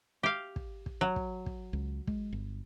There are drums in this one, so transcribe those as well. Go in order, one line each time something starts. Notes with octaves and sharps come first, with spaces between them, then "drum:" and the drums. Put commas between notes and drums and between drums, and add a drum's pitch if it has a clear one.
G4 F5
drum: kick
drum: kick
F#3
drum: kick
drum: kick
C#2
G#3, drum: kick
G1